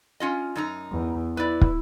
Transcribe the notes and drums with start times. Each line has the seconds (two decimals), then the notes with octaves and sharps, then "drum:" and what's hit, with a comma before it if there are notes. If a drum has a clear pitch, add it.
0.20 C#4 F4 D#5
0.56 F#2 D#4 A#5
0.91 E2
1.37 E4 B4 D5
1.61 drum: kick